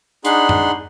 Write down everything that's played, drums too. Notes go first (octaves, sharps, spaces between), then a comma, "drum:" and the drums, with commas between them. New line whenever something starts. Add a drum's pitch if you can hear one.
D4 D#4 G#4 F#5 B5 C6, drum: hi-hat
drum: tom F#2